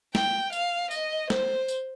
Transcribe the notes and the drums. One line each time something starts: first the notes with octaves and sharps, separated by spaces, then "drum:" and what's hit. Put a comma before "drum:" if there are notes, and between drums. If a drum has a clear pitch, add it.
G5, drum: snare
F5, drum: tambourine
D#5, drum: tambourine
C5, drum: snare
drum: tambourine